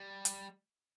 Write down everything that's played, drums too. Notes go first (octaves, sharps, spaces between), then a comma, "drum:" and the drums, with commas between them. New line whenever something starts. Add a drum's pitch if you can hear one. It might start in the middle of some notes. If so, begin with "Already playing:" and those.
Already playing: G3
drum: hi-hat